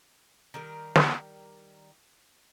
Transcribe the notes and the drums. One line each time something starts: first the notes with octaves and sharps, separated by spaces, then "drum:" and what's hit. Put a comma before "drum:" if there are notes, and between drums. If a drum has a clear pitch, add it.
D#3 G3 A#4
drum: snare